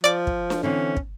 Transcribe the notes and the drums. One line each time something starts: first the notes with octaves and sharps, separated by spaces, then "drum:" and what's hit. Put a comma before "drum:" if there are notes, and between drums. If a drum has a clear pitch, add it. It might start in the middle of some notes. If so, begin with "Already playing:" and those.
F3 D5 D6
drum: kick
drum: snare D4
D3 E3 C4 C#4
drum: kick